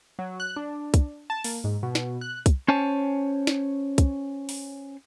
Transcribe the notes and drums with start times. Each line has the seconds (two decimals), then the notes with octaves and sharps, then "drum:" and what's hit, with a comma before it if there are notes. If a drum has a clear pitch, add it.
0.19 F#3
0.40 F#6
0.56 D4
0.94 drum: kick, hi-hat
1.30 A5
1.44 A#3, drum: open hi-hat
1.64 G#2
1.83 B2
1.95 drum: snare
2.21 F#6
2.46 drum: kick, hi-hat
2.68 C#4 C5 C#5 G#5 A5
3.47 drum: snare
3.98 drum: kick, hi-hat
4.49 drum: open hi-hat